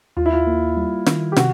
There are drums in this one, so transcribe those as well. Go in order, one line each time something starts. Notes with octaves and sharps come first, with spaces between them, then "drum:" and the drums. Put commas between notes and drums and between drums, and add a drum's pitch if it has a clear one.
D#2 F4
E4
F4
A#3
G3
D#3, drum: snare
G4
C3 F#4, drum: snare